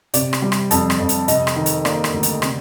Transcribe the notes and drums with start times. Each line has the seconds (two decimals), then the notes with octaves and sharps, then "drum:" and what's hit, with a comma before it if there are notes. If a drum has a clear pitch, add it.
0.14 C3 D5, drum: hi-hat
0.33 drum: rim click
0.42 G3
0.52 drum: rim click
0.71 F2 A5, drum: hi-hat
0.90 drum: rim click
0.99 F2
1.09 drum: hi-hat
1.28 C3 D#5, drum: hi-hat
1.47 drum: rim click
1.56 D#3
1.66 drum: hi-hat
1.85 A#3 D5, drum: rim click
2.04 drum: rim click
2.14 D2
2.23 drum: hi-hat
2.42 C3, drum: rim click